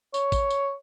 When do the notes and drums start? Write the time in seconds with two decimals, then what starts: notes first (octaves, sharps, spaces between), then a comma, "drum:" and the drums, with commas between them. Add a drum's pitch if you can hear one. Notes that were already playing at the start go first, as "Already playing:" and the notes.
0.14 C#5, drum: tambourine
0.32 drum: kick, tambourine
0.50 drum: tambourine